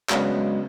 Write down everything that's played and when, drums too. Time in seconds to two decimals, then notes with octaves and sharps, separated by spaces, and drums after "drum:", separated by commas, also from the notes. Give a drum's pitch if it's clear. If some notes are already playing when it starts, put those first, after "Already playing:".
0.09 C#3 F#3 G#3 B3 D4 F#4, drum: clap
0.36 G#3